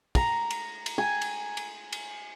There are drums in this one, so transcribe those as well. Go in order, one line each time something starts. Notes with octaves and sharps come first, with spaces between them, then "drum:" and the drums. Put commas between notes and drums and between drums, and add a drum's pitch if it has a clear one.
A#5, drum: kick, cymbal
drum: cymbal
drum: cymbal
G#5
drum: cymbal
drum: cymbal
drum: cymbal